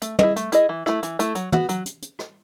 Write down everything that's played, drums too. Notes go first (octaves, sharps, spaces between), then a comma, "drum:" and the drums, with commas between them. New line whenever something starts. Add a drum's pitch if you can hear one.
A3, drum: hi-hat
E4 G#4 D#5, drum: tom
A3, drum: hi-hat
E4 G#4 D#5, drum: hi-hat
E3
A3 E4, drum: rim click
E3, drum: hi-hat
A3 E4, drum: hi-hat
F#3, drum: hi-hat
B3 F#4, drum: tom
F#3, drum: hi-hat
drum: hi-hat
drum: hi-hat
drum: rim click